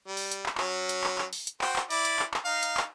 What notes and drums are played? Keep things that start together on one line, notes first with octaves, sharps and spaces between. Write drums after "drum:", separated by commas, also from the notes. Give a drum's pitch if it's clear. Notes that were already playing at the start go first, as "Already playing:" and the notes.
G3
drum: open hi-hat
drum: hi-hat
drum: clap
F#3 C#4, drum: clap
drum: hi-hat
drum: clap
drum: clap
drum: open hi-hat
drum: hi-hat
F#4 C5 G5, drum: clap
drum: clap
E4 D5, drum: open hi-hat
drum: hi-hat
drum: clap
drum: clap
D#4 F5
drum: hi-hat
drum: clap